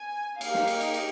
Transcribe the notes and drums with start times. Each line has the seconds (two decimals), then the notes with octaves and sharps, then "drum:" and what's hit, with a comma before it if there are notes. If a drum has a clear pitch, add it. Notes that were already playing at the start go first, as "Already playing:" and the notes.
Already playing: G#5
0.41 A#3 D#4 G4 F5, drum: cymbal
0.54 drum: snare
0.68 drum: cymbal
0.81 drum: cymbal
0.94 drum: cymbal